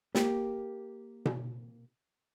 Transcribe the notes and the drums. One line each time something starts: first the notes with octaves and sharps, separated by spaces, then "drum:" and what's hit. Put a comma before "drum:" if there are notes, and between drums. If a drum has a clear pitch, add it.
A#3 G4, drum: snare
drum: tom B2